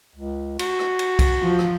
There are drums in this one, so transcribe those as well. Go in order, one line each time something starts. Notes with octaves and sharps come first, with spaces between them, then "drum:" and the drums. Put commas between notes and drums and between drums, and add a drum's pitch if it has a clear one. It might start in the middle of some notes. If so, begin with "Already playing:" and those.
C#2
F#4, drum: cymbal
drum: rim click
drum: cymbal
drum: kick, cymbal
F3
drum: rim click